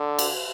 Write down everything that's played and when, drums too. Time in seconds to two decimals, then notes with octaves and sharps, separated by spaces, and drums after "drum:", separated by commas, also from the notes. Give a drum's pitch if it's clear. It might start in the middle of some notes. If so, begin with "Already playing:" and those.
Already playing: D3
0.19 drum: cymbal